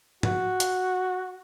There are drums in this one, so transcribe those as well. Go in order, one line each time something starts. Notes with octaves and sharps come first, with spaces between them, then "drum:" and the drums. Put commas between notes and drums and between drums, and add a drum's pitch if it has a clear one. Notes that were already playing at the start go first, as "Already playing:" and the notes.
F#4, drum: tom G#2
drum: hi-hat